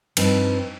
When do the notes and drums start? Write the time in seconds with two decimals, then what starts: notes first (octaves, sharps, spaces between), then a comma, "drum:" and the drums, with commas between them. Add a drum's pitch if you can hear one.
0.17 G2 F3 C4 D#4, drum: cymbal